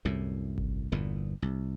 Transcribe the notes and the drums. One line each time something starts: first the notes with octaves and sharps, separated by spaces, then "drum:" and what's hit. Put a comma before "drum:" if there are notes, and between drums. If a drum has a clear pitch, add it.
C2 F#2 A2
drum: kick G#1
G1 E2 A#2
C2